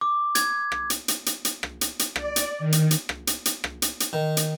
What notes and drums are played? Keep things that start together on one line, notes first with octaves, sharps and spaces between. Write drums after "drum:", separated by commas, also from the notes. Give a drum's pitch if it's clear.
D6
G#6, drum: hi-hat
drum: rim click
drum: hi-hat
drum: hi-hat
drum: hi-hat
drum: hi-hat
drum: rim click
drum: hi-hat
drum: hi-hat
D5, drum: rim click
drum: hi-hat
D#3
drum: hi-hat
drum: hi-hat
drum: rim click
drum: hi-hat
drum: hi-hat
drum: rim click
drum: hi-hat
drum: hi-hat
D#3
drum: hi-hat